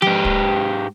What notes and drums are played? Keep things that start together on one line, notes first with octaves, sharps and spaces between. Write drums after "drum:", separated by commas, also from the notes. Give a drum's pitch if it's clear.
G#2 G4, drum: tom F3
drum: kick